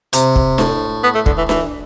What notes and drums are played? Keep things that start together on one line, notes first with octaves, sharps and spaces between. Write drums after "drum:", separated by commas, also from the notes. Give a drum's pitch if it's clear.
C3, drum: hi-hat
drum: kick
A2, drum: snare D4
B3
A3
D3, drum: kick
E3
E3, drum: snare D4